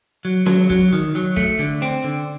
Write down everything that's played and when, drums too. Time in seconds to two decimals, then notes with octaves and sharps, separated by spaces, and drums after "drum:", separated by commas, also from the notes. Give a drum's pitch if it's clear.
0.25 F#3
0.46 F#3, drum: snare C#4
0.70 F#3, drum: kick, hi-hat
0.93 D#3, drum: hi-hat
1.15 F#3, drum: hi-hat
1.36 A3, drum: kick, hi-hat
1.59 D3, drum: hi-hat
1.82 C4, drum: hi-hat
2.04 D3